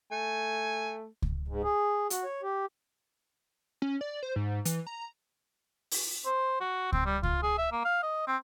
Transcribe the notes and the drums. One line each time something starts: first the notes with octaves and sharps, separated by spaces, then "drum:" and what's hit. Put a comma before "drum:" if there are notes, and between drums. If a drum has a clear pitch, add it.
A3 G#5
drum: kick C#2
G#2
G#4
F#4, drum: hi-hat
C#5
G4
C#4
D5
C5
G#2
E3, drum: hi-hat
A#5
drum: open hi-hat
C5
F#4
C4, drum: kick C#2
G3
F4, drum: kick C#2
G#4
E5
A#3
F5
D#5
C4